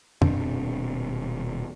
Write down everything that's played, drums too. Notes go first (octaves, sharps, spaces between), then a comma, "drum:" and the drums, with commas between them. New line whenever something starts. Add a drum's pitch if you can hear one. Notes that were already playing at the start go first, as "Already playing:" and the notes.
D#1 B2 C4 D4, drum: tom F2